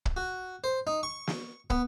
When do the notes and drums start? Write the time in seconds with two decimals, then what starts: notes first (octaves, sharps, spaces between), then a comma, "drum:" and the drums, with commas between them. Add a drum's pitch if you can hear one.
0.05 drum: kick
0.17 F#4
0.64 C5
0.87 D#4
1.03 C#6
1.27 drum: snare
1.70 B3, drum: kick